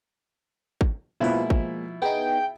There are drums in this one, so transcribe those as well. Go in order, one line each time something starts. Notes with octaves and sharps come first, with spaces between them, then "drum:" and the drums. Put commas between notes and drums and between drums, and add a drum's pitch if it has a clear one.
drum: kick
B2 F3 G#3 A#3 E4 F4 B4
F3, drum: kick
B3 D#4 G#4 G5